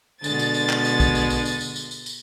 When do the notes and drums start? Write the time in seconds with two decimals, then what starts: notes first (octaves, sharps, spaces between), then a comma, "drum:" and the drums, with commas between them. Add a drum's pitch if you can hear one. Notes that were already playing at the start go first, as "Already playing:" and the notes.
0.24 B2 D3 G#3 A6, drum: tambourine
0.39 drum: tambourine
0.54 drum: tambourine
0.70 drum: clap
0.85 drum: tambourine
1.00 drum: kick A#1, tambourine
1.15 drum: tambourine
1.30 drum: tambourine
1.45 drum: tambourine
1.61 drum: tambourine
1.76 drum: tambourine
1.91 drum: tambourine
2.06 drum: tambourine